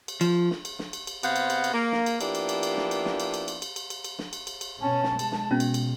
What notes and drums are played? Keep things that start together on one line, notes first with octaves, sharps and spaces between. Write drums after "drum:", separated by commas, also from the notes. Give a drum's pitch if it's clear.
drum: cymbal
F3, drum: cymbal
drum: snare
drum: cymbal
drum: snare
drum: cymbal
drum: cymbal
C3 B3 C5 D#5 F5 F#5, drum: cymbal
drum: cymbal
drum: cymbal
drum: cymbal
A#3
drum: snare
drum: cymbal
F3 A#3 B3 D4 E4 G4, drum: cymbal
drum: cymbal
drum: cymbal
drum: cymbal
drum: snare
drum: cymbal
drum: snare
drum: cymbal
drum: cymbal
drum: cymbal
drum: cymbal
drum: cymbal
drum: cymbal
drum: cymbal
drum: snare
drum: cymbal
drum: cymbal
drum: cymbal
B2 C#4 A5
drum: snare
G#3, drum: cymbal
drum: snare
B2 C#4
drum: cymbal
drum: cymbal